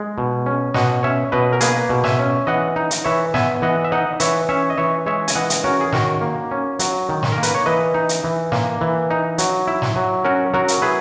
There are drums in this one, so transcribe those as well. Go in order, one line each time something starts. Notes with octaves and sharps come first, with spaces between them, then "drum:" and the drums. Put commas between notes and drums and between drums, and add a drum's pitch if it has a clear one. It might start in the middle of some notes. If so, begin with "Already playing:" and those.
Already playing: G#3
B2
C#4
B2 D#5 F#5, drum: snare
C#4 C#5 E5
B2 B4 D#5
A#4
A#3 G#4 B4, drum: hi-hat
B2
E5 G#5, drum: snare
C#4
E3 D#5 F#5
D#4
drum: hi-hat
E3 C#5 E5
B3 E5 G#5, drum: snare
E3 D#5 F#5
E5
D#4 D#5 F#5
E3 C#5 E5, drum: hi-hat
C#4 C#5 E5
D#5
E3 C#5 E5
G#3 C#5 E5
G#5, drum: hi-hat
E3 D#5 F#5
drum: hi-hat
C#4 F#4 A#4
G#4
D#3 F#4 A#4, drum: snare
A#3
C#4
F#3, drum: hi-hat
D#3
drum: snare
A#4
A#3
B4, drum: hi-hat
C#5
E3 B4 D#5
D#4
drum: hi-hat
E3
A#3, drum: snare
E3
D#4
F#3, drum: hi-hat
E4
drum: snare
F#3
C#4 F#4 A#4
F#3 F#4 A#4
drum: hi-hat
E4 G#4 B4